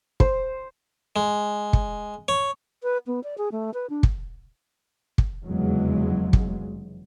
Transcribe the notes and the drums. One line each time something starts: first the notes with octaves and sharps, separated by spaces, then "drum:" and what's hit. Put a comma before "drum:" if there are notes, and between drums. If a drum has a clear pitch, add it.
C5, drum: kick
G#3
drum: kick
C#5
B4
B3
D5
G#4
A3
B4
D4
drum: kick
drum: kick
F1 E2 C#3 F#3 G#3
drum: kick